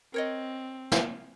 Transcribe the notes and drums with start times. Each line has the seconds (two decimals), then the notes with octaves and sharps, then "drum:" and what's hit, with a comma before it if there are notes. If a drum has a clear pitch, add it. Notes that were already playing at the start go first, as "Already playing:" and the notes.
0.14 C4 A#4 C#5 D#5
0.92 drum: snare